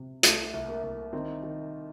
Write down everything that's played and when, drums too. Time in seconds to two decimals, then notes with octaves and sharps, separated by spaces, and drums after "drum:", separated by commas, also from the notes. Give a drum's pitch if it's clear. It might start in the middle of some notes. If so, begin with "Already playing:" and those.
Already playing: C3
0.23 C2 A3, drum: hi-hat
0.53 C2
0.68 A#3
0.83 C2
1.13 D#3 C4
1.43 D#3